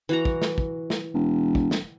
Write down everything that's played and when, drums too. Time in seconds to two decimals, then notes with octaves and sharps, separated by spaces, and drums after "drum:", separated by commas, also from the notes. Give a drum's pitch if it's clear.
0.09 E3 F#4 A#5
0.25 drum: kick
0.42 drum: snare
0.58 drum: kick
0.90 drum: snare
1.14 E1
1.55 drum: kick
1.71 drum: snare